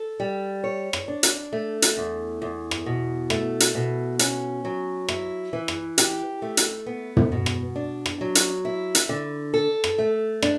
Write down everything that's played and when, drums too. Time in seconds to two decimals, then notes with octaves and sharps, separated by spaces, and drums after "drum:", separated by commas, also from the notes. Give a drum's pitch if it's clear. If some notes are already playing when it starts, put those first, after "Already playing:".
Already playing: A4
0.20 G3
0.64 C#5
0.93 drum: rim click
1.08 D4
1.23 drum: hi-hat
1.53 A3
1.82 drum: hi-hat
1.97 E2
2.42 E2
2.71 drum: rim click
2.86 B2
3.30 A3, drum: rim click
3.60 drum: hi-hat
3.75 B2
4.19 C#4, drum: hi-hat
4.65 F#3
5.09 E4, drum: rim click
5.53 E3
5.68 drum: rim click
5.98 G4, drum: hi-hat
6.42 A3
6.57 drum: hi-hat
6.86 B3
7.17 drum: tom
7.32 B2
7.46 drum: rim click
7.76 D4
8.06 drum: rim click
8.21 F#3
8.35 drum: hi-hat
8.65 E4
8.95 drum: hi-hat
9.09 D3
9.54 A4
9.84 drum: rim click
9.98 A3
10.42 D4, drum: rim click